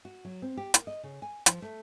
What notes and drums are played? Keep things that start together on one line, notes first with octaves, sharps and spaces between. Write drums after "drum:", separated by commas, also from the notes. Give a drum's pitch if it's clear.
F#4
F#3
C4
G4
A#3, drum: hi-hat
D#5
C#3
G#5
F3, drum: hi-hat
A3